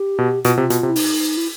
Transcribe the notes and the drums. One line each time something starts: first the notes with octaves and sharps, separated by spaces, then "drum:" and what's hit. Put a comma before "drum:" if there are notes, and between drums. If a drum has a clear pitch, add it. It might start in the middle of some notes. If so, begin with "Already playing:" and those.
Already playing: G4
B2
B2 F4, drum: hi-hat
C3
B2, drum: hi-hat
C3
E4
D#4, drum: open hi-hat
E4